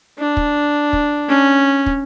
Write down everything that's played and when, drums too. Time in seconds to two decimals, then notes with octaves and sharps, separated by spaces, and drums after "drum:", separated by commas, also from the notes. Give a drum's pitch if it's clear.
0.18 D4
0.37 drum: kick
0.93 drum: kick
1.30 C#4
1.86 drum: kick